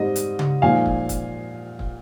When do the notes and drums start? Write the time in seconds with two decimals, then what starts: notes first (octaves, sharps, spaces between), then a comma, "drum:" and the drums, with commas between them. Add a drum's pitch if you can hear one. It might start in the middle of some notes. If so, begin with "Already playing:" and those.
Already playing: G#2 G3 C4 D#4 D#5
0.16 drum: hi-hat
0.39 drum: tom C#3
0.62 A#2 F3 G#3 D#4 F5 G#5
0.86 drum: kick
1.09 drum: kick, hi-hat
1.79 drum: kick